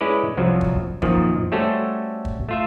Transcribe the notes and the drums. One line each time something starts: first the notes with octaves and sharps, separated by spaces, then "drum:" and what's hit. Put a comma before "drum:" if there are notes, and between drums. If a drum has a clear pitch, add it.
G#3 C#4 E4 B4 D5
C2 F#2 F3 F#3
drum: kick
F#2 A#2 D#3 F3, drum: kick
G3 A3 C#4 F#4 A4 C5
drum: kick
A3 F4 E5